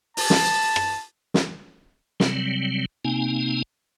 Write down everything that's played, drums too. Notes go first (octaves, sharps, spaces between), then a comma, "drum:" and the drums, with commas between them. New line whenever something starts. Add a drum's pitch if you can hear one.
A5, drum: open hi-hat
drum: snare
drum: rim click
drum: snare
C3 F#3 G3 C4, drum: snare
C3 A#3 C4 D#4 G#5